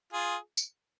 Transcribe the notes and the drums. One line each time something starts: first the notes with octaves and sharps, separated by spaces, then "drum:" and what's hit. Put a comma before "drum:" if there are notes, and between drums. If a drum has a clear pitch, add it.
F4 G#4
drum: tambourine